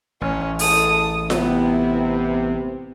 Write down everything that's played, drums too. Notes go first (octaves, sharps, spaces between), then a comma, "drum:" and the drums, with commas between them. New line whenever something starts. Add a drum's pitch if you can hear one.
A1 C#4
G#3 E4 A4 A5 D#6, drum: open hi-hat
C3 B3 E4, drum: snare F4